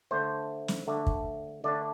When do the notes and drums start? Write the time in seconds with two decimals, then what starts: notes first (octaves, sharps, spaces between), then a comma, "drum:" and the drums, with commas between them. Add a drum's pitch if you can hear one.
0.11 D3 A3 D4 C5
0.68 drum: snare
0.87 D3 A3 D4
1.07 drum: kick
1.64 D3 A3 D4 D5